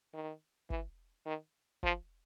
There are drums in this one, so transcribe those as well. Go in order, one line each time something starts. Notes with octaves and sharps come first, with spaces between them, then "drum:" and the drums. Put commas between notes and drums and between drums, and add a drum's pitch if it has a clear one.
D#3
E3, drum: kick
D#3
F3, drum: kick